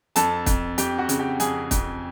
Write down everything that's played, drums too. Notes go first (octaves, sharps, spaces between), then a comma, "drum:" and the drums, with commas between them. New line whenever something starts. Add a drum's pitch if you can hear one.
F2 A4 A5, drum: hi-hat
F2, drum: kick, hi-hat
F2 G4 G5, drum: hi-hat
F#4 F#5
C#3, drum: hi-hat
G4 G5
F2 G#4 G#5, drum: hi-hat
F2, drum: kick, hi-hat